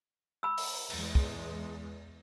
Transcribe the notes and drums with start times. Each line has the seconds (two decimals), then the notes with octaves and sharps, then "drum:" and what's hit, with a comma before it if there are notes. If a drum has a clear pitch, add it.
0.43 B5 E6
0.58 drum: open hi-hat
0.90 E2 G#3, drum: cymbal
1.15 drum: kick